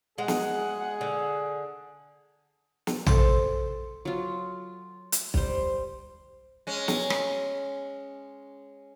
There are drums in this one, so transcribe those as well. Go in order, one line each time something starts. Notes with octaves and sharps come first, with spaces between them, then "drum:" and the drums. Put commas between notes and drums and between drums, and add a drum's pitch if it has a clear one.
G#3 G#4 F#5
drum: snare
D3
drum: snare
A4 C5, drum: tom A#1
F#3 F4
drum: hi-hat
G3 C5, drum: kick
G#3 C#4
drum: snare
drum: rim click